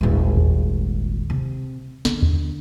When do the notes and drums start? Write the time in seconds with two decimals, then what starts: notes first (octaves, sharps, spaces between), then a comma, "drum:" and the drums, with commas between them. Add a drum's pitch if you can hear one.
0.01 D#1 G#1
0.37 drum: kick D2
1.30 C3
2.05 D3, drum: snare
2.22 drum: kick D2